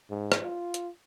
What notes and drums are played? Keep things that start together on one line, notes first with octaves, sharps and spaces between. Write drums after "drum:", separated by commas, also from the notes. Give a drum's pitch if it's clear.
G#2
drum: rim click
F4
drum: hi-hat